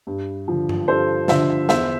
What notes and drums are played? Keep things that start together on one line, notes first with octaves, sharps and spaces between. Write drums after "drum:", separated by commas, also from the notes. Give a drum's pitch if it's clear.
G2
D3 F3
drum: tom G2
G2 A4 C5
D3 F3 C5 E5, drum: snare
E2 C5 E5, drum: snare